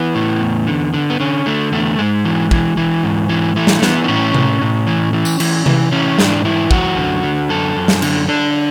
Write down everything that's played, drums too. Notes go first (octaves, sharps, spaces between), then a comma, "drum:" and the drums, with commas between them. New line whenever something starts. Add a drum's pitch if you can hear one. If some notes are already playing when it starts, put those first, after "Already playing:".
Already playing: E3 B3
A2
E2
D3
D3
B3
D3 C#4
D3 A3
E2 A3
G#2 G#3
E3
E3, drum: kick
E3
G#2
E3
E3 A3
drum: snare
E3 B3, drum: snare
D4
A2 C#4
A2, drum: tom C3
A2
E3
E3
drum: tambourine
E3, drum: cymbal
E3, drum: tom C3
E3 C#4
G#2 D4, drum: snare
E3 E4
F#2 F#4, drum: kick
D3
D3
F#2 A4
F#2
drum: snare
D3, drum: cymbal
D3 D4